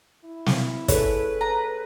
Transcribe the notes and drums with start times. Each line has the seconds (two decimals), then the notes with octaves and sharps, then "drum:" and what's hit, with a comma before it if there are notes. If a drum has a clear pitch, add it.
0.25 E4
0.46 drum: snare
0.88 G#4 A4 B4 C#5, drum: kick, hi-hat
1.41 A#5